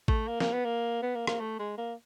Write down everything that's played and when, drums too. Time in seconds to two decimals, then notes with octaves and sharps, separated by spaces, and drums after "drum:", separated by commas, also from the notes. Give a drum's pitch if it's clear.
0.08 A3, drum: kick A1
0.28 A#3
0.40 A#3, drum: snare
0.52 B3
0.65 A#3
1.02 B3
1.15 A#3
1.27 A#3, drum: rim click
1.40 A3
1.59 G#3
1.78 A#3